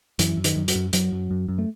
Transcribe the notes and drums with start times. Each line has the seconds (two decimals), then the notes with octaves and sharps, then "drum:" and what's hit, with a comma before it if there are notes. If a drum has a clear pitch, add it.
0.19 F#2 E3, drum: hi-hat
0.37 F#2
0.44 D#3, drum: hi-hat
0.56 F#2
0.68 F#3, drum: hi-hat
0.75 F#2
0.93 F#2 F#3, drum: hi-hat
1.12 F#2
1.31 F#2
1.49 F#2
1.58 A3